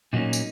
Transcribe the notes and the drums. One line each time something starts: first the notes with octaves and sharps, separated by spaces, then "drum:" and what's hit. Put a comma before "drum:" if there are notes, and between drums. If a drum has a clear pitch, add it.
A#2 F#3 A#3 C#4 D#4
drum: tambourine